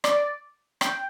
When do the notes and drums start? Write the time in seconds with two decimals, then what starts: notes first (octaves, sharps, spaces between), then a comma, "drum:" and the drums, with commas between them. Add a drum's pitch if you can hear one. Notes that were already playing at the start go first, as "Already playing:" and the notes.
0.04 D5, drum: rim click
0.81 G5, drum: rim click